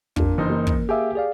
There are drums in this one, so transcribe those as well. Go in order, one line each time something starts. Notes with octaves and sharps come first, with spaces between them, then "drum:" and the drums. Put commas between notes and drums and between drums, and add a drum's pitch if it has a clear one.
F2 A#2 A#3 D4, drum: kick
F#1 E3 D#4 C5
A#3
drum: kick
G4 G#4 E5 F5 G#5 D6
G#4 D5 F5